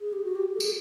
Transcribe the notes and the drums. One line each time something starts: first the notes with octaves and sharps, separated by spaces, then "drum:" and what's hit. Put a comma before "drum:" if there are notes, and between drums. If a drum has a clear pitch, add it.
G#4
G4
F#4
G4
A4
G#4, drum: tambourine